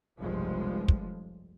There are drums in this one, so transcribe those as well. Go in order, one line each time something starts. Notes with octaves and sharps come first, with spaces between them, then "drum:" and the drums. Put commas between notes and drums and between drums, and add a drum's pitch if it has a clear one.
F1 B1 G2 F3 G3 G#3
drum: kick